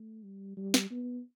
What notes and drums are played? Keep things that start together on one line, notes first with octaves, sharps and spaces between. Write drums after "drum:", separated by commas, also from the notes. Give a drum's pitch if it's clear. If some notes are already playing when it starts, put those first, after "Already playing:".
Already playing: A3
G3
G3
drum: snare
B3